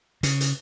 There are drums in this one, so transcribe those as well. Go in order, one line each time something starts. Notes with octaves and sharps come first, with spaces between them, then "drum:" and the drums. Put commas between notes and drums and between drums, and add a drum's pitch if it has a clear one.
C#3, drum: hi-hat
drum: hi-hat